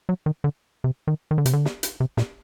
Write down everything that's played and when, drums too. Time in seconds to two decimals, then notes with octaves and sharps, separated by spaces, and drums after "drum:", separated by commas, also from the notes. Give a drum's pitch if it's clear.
0.09 F#3
0.26 D#3
0.44 D3
0.84 C3
1.07 D#3
1.31 D#3
1.38 D3
1.46 C3, drum: hi-hat
1.53 D3
1.65 drum: snare
1.83 drum: hi-hat
2.00 C3
2.17 A#2, drum: snare